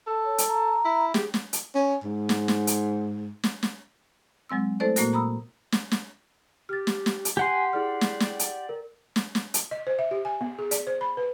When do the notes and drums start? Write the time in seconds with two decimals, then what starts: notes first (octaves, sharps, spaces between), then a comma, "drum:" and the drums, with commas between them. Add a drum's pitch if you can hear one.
0.07 A4
0.25 C#5
0.38 drum: hi-hat
0.48 A#5
0.85 E4
1.14 G4 G#4, drum: snare
1.34 drum: snare
1.53 drum: hi-hat
1.75 C#4
2.04 G#2
2.29 drum: snare
2.48 drum: snare
2.67 drum: hi-hat
3.44 drum: snare
3.63 drum: snare
4.49 F#3 G#3 C4 E6
4.80 A3 E4 A4 C5 D5
4.96 A#2 A#3 F#4 A#4, drum: hi-hat
5.13 A#5 B5 D#6 E6
5.72 drum: snare
5.91 drum: snare
6.69 G4 F6 A6
6.87 drum: snare
7.06 drum: snare
7.25 drum: hi-hat
7.37 G4 F#5 G#5 C6
7.73 E4 G#4 D5 F6
8.01 drum: snare
8.20 drum: snare
8.39 drum: hi-hat
8.69 A#4
9.16 drum: snare
9.35 drum: snare
9.54 drum: hi-hat
9.71 D#5
9.87 C5
9.99 E5
10.11 G4
10.25 G#5
10.41 B3
10.59 G#4
10.71 D5, drum: hi-hat
10.87 C5
11.01 B5
11.17 B4